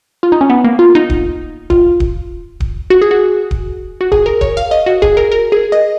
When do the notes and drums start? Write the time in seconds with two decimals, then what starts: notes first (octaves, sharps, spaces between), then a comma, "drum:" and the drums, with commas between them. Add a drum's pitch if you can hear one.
0.23 F4
0.32 D#4
0.41 C#4
0.50 B3
0.64 A#3
0.79 F4
0.95 D#4
1.10 drum: kick D1
1.70 F4, drum: kick D1
2.00 drum: kick D1
2.60 drum: kick D1
2.90 F#4
3.02 G#4
3.11 F#4
3.51 drum: kick D1
4.01 F#4
4.12 G#4, drum: kick D1
4.26 A#4
4.41 C#5, drum: kick D1
4.57 F5
4.71 D#5
4.86 F#4
5.02 G#4, drum: kick D1
5.17 A#4
5.32 A#4
5.52 G#4
5.72 D#5